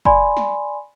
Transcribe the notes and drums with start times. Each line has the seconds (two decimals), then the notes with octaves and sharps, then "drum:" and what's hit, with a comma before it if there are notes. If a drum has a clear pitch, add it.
0.05 D5 G#5 B5 C6, drum: kick
0.37 drum: snare